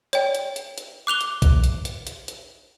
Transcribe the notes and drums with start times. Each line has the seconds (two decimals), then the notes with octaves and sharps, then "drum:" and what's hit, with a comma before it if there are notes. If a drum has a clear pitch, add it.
0.13 C#5 D5 G5, drum: hi-hat
0.35 drum: hi-hat
0.56 drum: hi-hat
0.78 drum: hi-hat
1.07 D6 F#6 F7 G7
1.21 drum: hi-hat
1.42 drum: kick B1, hi-hat
1.64 drum: hi-hat
1.85 drum: hi-hat
2.07 drum: hi-hat
2.28 drum: hi-hat